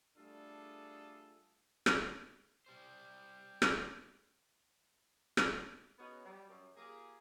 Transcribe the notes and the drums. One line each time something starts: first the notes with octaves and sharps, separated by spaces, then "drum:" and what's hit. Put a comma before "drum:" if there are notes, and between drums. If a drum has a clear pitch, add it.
G3 A3 D4 F4 G#4 A4
drum: rim click
G3 C5
drum: rim click
drum: rim click
B3 C#4 D#4 F#4 G#4
G3
F#2
A#3 F4 G4 G#4